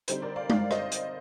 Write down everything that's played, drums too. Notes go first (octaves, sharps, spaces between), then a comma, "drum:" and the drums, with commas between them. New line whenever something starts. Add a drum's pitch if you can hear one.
D3 G3 C4 D#4 C5, drum: hi-hat
A#4 D5
D5 F5
D5 F5, drum: tom G#3
C5 D#5, drum: rim click
drum: hi-hat